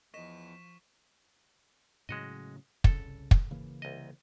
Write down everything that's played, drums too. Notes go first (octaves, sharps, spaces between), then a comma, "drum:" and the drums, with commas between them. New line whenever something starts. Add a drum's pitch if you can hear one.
E2 F3 D#5 C#6 B6 E7
A2 C#3 F#3 G#3 F#4 D#5
C2 C#3 A4, drum: kick
drum: kick
C#3 E3 A#3
C2 D#5